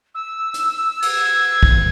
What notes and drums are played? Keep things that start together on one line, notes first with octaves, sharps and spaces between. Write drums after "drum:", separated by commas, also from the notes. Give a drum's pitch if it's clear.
E6
drum: hi-hat
G#6, drum: cymbal
drum: kick